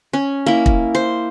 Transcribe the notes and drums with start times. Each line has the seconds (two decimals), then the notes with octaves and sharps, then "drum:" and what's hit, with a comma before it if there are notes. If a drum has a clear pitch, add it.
0.13 C#4
0.46 A#3 E4
0.66 drum: kick
0.95 C5